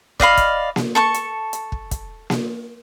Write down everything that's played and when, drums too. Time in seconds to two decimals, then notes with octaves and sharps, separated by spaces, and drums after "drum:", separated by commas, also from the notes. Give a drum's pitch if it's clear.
0.20 D5 D#5 F5 B5, drum: kick
0.37 drum: kick, hi-hat
0.76 drum: snare A#3
0.95 A4 A5 C#6
1.14 drum: hi-hat
1.53 drum: hi-hat
1.72 drum: kick
1.91 drum: kick, hi-hat
2.30 drum: snare A#3